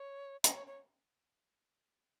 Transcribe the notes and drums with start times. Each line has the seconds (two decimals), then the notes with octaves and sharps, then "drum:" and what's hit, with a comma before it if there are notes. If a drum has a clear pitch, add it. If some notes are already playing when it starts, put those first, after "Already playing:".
Already playing: C#5
0.44 D#5, drum: hi-hat
0.55 C#5
0.67 C#5